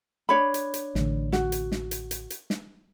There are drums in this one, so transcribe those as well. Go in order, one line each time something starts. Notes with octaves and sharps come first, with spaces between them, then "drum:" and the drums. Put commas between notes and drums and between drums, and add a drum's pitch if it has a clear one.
D4 C#5 B5
drum: hi-hat
drum: hi-hat
A1 D3, drum: snare
F#4, drum: snare
drum: hi-hat
drum: snare
drum: hi-hat
drum: hi-hat
drum: hi-hat
drum: snare